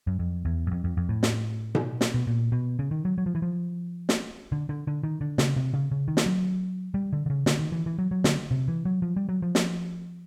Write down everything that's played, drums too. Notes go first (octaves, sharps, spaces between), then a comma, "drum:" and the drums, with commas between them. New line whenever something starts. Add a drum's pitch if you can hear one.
F#2
F2
E2
F#2
F2
F2
F2
A2
drum: snare
drum: tom B2
drum: snare
B2
A#2
B2
C#3
D#3
F#3
F#3
F3
E3
F3
drum: snare
D3
D3
D3
D#3
D3
C#3, drum: snare
C3
C#3
C#3
D#3
drum: snare
F#3
G3
D3
D3
C#3
D3, drum: snare
D#3
E3
E3
F#3
F#3
D3, drum: snare
C3
E3
F#3
F3
G3
F#3
F3
drum: snare